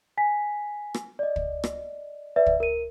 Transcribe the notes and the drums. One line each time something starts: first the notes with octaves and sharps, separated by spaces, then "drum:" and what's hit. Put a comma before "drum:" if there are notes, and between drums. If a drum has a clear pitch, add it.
G#5 B6
drum: rim click
D5 D#5
drum: kick
drum: rim click
B4 D5 E5
drum: kick
A#4 D#7